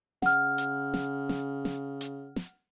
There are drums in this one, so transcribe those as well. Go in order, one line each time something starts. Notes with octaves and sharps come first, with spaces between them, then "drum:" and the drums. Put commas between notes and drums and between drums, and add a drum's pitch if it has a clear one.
C#3 F#5 F6, drum: snare
drum: hi-hat
drum: snare
drum: snare
drum: snare
drum: hi-hat
drum: snare